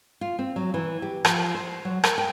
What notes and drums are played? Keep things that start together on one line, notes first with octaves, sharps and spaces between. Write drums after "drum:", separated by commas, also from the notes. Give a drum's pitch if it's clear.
F4
C4
F#3
E3
G4
F3, drum: rim click
C5
F#3
A#4, drum: rim click
G5